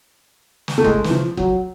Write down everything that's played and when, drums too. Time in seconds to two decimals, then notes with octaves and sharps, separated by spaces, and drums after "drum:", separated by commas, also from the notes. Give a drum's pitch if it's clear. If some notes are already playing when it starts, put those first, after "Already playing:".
0.68 drum: snare
0.78 A3
0.84 G#3, drum: kick F#1
1.04 E3, drum: snare
1.11 F3
1.37 F#3, drum: kick F#1